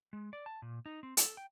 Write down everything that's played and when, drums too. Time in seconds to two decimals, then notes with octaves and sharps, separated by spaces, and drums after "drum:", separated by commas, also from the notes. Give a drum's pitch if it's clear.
0.13 G#3
0.33 D5
0.46 A5
0.62 A#2
0.86 D#4
1.03 C4
1.17 A4, drum: hi-hat
1.37 G5